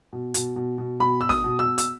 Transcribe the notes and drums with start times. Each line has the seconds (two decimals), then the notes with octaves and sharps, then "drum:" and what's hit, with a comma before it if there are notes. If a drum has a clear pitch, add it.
0.13 B2
0.34 B2, drum: hi-hat
0.56 B2
0.78 B2
1.00 B2 B5
1.21 B2 E6
1.29 D#6, drum: snare
1.44 B2
1.59 E6
1.66 B2
1.78 E6, drum: hi-hat